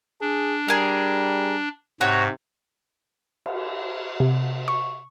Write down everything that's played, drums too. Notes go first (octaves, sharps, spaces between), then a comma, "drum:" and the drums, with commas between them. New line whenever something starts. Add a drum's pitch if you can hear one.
D4 G#4
G3 G#4 A#4
G#2 C3 F#4 C#5
drum: cymbal
C3
C#6